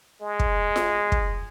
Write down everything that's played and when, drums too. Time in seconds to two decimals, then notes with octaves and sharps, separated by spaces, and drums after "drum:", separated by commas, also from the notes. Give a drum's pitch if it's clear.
0.21 G#3
0.39 drum: kick
0.76 drum: snare F4
1.12 drum: kick